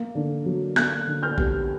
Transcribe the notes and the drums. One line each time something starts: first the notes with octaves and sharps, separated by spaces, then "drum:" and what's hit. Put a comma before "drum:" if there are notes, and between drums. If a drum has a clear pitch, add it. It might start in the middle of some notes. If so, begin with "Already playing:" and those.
Already playing: A#3
D3
F#3
A#3 F#6 G#6, drum: snare
D3
F6 G6
G3, drum: kick